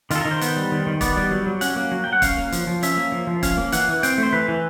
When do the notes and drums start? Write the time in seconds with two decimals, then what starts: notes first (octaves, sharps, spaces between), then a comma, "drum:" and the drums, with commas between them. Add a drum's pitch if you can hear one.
0.11 D#3 F4 A4, drum: hi-hat
0.21 D#3 A#4
0.31 C5
0.41 B3, drum: hi-hat
0.57 G3
0.72 D#3
0.87 D#3
1.01 B3 D5, drum: kick, hi-hat
1.17 G3
1.31 F#3
1.47 F#3
1.61 C#4 F#5, drum: hi-hat
1.76 A#3
1.92 F#3
2.04 G5
2.07 F#3
2.13 F#5
2.22 C#4 F5, drum: kick, hi-hat
2.37 A#3
2.52 F3, drum: hi-hat
2.67 F3
2.83 C#4 E5, drum: hi-hat
2.97 A#3
3.12 F3
3.27 F3
3.43 C#4 F5, drum: kick, hi-hat
3.57 A#3
3.72 E3 F#5, drum: hi-hat
3.88 E3
4.03 C4 G5, drum: hi-hat
4.18 A3
4.23 C5
4.33 E3 B4
4.48 E3